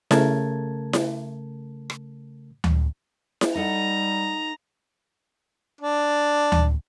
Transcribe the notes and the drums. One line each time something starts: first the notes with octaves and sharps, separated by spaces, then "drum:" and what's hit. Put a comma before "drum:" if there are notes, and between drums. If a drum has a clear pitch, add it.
C#3 A3 A#4 A5 G#6, drum: snare E4
drum: snare E4
drum: rim click
drum: tom D2
drum: snare E4
G3 D#4 A4 F#5 A#5
D4
drum: tom D2